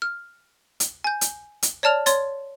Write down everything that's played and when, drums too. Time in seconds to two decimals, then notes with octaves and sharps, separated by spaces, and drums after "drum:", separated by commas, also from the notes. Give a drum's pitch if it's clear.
0.02 F6
0.80 drum: hi-hat
1.04 G#5 G6
1.21 drum: hi-hat
1.62 drum: hi-hat
1.83 C#5 D5 A5 F6 F7
2.06 C#5 C6 A6, drum: hi-hat